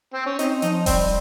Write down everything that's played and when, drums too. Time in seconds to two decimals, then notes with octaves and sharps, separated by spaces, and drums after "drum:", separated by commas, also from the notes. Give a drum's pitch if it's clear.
0.14 C4
0.26 C#4
0.39 C4 D#4, drum: hi-hat
0.62 F3 D#4, drum: hi-hat
0.86 G3 C4, drum: kick D#1, open hi-hat